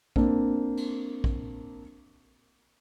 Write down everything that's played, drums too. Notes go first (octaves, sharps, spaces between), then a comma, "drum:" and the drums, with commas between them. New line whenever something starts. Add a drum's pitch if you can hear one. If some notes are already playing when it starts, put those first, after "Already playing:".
A#3 C4 D4, drum: kick
drum: cymbal
drum: kick